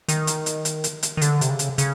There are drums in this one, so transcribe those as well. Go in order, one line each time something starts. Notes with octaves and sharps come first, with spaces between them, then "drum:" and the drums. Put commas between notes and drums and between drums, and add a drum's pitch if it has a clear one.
D#3, drum: hi-hat
drum: hi-hat
drum: hi-hat
drum: hi-hat
drum: hi-hat
drum: hi-hat
D#3
D3, drum: hi-hat
C3, drum: hi-hat
C#3
drum: hi-hat
C#3, drum: hi-hat